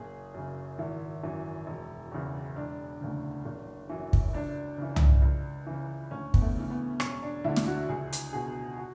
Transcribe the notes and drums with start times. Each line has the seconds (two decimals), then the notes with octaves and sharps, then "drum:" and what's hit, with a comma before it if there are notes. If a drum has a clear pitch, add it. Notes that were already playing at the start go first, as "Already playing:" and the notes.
Already playing: F#1 G#4
0.34 F#2 C#3
0.78 G#1 E4
1.23 F#2 E3
1.67 E1
2.12 E2 C#3 E3
2.56 E1 D4
3.01 D2 C#3
3.46 F#1
3.90 F#2 E3
4.13 drum: kick
4.33 C#2 D4
4.78 C#3 E3
4.96 drum: tom
5.22 C#2
5.67 C#3 E3
6.11 D2 C#4
6.34 B3, drum: kick
6.41 A3
6.56 C#3 E3
6.70 B3
7.00 E1 C#4, drum: rim click
7.22 D4
7.44 D2 D3 E4
7.56 drum: snare
7.67 F#4
7.89 C#2 G#4
8.12 drum: hi-hat
8.33 B2 G#4
8.78 F#4